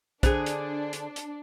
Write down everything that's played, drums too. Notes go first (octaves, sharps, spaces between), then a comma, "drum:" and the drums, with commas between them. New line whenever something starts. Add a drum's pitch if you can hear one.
D3 D4 G#4 C5, drum: kick, hi-hat
drum: hi-hat
drum: hi-hat
drum: hi-hat